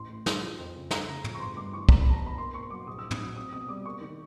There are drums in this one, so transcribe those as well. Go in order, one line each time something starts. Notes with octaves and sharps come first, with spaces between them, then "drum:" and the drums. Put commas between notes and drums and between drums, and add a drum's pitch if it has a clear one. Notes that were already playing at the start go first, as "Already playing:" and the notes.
Already playing: A1 C6
A2
E3, drum: snare
F3
F2
C#3
A3 A#5, drum: snare
C#3
F3, drum: tom
C#6
G1 C6
G2 D6
E3 C#6
G3 A#5, drum: kick
B5
E2 A5
A#5
B2 B5
A#3 C6
A#2 C#6
F#3 D6
A#1 D#6
E6
A2
D#6, drum: tom
F#3
C4 D#6
B2 D#6
G3 D6
A#3 C#6
D#3